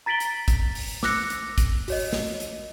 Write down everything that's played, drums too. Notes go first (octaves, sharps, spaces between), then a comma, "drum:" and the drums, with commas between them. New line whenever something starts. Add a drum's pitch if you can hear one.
A#5 A6 B6 D7 F#7 G7
drum: hi-hat
drum: kick, hi-hat
drum: open hi-hat
D6 E6 F#6 A#6 C#7, drum: snare
drum: hi-hat
drum: kick, hi-hat
F#4 C#5 D#5, drum: open hi-hat
drum: snare
drum: hi-hat